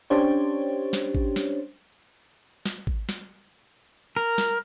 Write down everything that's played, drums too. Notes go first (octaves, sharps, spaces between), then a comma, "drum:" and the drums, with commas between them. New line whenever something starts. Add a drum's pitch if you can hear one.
C#4 D4 G4 C5 C#5
drum: snare
drum: kick G#1
drum: snare
drum: snare
drum: kick G#1
drum: snare
A#4
drum: snare